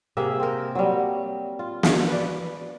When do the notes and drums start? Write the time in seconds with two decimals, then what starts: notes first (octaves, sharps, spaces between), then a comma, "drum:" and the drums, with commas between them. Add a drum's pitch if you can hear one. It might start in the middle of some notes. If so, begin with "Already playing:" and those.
0.17 C3 A#3 G#4 E5
0.40 C4 A#4
0.75 F#3 G3
1.59 F4
1.83 drum: snare
2.08 B4 D5